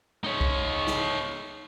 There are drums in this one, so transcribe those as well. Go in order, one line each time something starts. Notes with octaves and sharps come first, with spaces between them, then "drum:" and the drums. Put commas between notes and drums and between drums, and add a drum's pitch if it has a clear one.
D#4 C#5
drum: kick
drum: snare